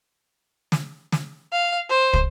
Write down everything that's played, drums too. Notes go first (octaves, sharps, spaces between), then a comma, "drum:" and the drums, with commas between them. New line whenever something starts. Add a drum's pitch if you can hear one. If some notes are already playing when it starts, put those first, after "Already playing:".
drum: snare
drum: snare
F5
C5
drum: kick